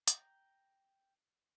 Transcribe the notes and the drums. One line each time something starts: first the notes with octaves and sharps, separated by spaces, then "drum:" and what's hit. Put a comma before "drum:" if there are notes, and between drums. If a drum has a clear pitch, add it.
G5 A#5, drum: hi-hat